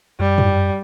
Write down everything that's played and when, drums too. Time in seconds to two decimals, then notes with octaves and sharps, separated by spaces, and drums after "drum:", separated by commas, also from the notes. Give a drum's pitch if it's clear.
0.19 F#2 G3
0.38 drum: tom